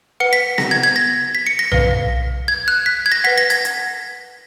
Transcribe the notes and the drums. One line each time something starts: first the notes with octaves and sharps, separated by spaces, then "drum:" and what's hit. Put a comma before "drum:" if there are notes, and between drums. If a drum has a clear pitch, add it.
B4 F#5 C#7
B6
A#6, drum: snare B3
G#6
G#6
A#6
B6
C#7
A#6
B4 F5, drum: tom B1
G#6
F#6
B6
G#6
A#6
B4 F#5 B6
A#6
G#6, drum: hi-hat
drum: hi-hat